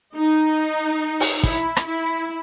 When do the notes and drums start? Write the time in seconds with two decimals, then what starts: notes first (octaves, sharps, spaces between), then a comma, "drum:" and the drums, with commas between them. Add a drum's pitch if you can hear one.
0.16 D#4
1.20 drum: open hi-hat
1.43 E4, drum: kick
1.76 drum: rim click
1.86 E4